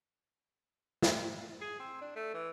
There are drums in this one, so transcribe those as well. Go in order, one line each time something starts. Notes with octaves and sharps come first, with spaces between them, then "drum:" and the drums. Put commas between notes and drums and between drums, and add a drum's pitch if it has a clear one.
drum: snare
G#4
C4
D4
A3
E3